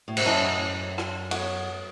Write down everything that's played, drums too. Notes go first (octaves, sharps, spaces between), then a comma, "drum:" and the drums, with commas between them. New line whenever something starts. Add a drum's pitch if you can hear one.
A2
G#2, drum: cymbal
F#2 C#4 E4 A4 D#5
drum: rim click
B3 F#4 C#5, drum: cymbal